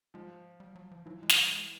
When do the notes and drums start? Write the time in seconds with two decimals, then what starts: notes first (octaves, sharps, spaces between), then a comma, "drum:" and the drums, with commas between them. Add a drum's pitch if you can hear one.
0.14 F3 G#3
0.60 G3
0.76 F#3
0.91 F3
1.06 E3 F#3
1.23 G#3
1.29 G3, drum: snare
1.52 G#3